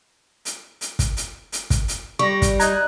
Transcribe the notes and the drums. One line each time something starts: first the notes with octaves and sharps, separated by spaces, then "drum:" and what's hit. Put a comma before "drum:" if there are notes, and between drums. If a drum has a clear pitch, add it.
drum: hi-hat
drum: hi-hat
drum: kick, hi-hat
drum: hi-hat
drum: hi-hat
drum: kick, hi-hat
drum: hi-hat
G3 C#6 A#6
drum: kick, hi-hat
D#4 A#5 F#6 G#6, drum: hi-hat